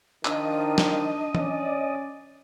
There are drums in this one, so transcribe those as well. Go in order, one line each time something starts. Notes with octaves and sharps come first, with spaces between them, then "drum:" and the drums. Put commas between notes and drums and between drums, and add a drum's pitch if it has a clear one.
D#3 F3 D4 D#5, drum: clap
drum: snare
C#4 D5, drum: tom E3